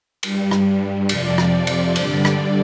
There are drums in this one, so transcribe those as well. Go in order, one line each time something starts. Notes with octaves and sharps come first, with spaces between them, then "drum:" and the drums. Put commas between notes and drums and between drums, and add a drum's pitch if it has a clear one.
G2 G3, drum: cymbal
drum: rim click
F2 C3 F3 D5, drum: cymbal
drum: rim click
D5
drum: cymbal
G2 D3 G3, drum: cymbal
drum: rim click